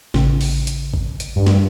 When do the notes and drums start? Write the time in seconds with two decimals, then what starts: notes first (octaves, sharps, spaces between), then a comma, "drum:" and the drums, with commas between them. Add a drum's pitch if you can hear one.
0.14 A1 C#3, drum: snare
0.41 drum: open hi-hat
0.67 drum: hi-hat
0.94 drum: kick G#1
1.20 drum: hi-hat
1.36 G2
1.46 drum: snare